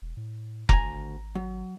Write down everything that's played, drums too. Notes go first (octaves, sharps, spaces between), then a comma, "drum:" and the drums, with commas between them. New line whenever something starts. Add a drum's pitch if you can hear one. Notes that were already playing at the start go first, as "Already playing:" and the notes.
E1
A2
G#1 D2 G#5 A#5, drum: kick F1
F#3